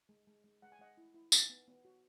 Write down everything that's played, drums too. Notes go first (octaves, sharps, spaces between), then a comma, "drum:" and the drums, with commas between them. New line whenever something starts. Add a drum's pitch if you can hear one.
G#3
G#3
G#3
G#3 F#5
G#5
G#3 D#5 F#5
E4
E4
D#4 E5 G#5, drum: tambourine
B3
B3
F#4